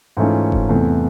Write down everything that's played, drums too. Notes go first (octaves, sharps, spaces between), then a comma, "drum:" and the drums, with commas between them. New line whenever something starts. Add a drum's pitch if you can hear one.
G#2 E3 A3 C#4 F4
drum: kick F#1
E2 C3 E3 A3